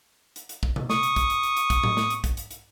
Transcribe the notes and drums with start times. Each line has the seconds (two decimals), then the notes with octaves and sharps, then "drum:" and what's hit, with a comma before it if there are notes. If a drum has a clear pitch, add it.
0.36 drum: hi-hat
0.49 drum: hi-hat
0.63 drum: kick
0.76 drum: tom C3
0.90 C#6 D#6, drum: snare
1.03 drum: hi-hat
1.16 drum: kick, hi-hat
1.30 drum: hi-hat
1.43 drum: hi-hat
1.57 drum: hi-hat
1.70 drum: kick, hi-hat
1.84 drum: tom A2
1.97 drum: snare
2.10 drum: hi-hat
2.24 drum: kick, hi-hat
2.37 drum: hi-hat
2.51 drum: hi-hat